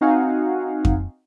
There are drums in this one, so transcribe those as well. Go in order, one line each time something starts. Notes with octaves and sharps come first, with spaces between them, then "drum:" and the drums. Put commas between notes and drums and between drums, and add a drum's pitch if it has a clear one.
C4 D#4 F#4 F5 F#5 G#5
drum: kick F2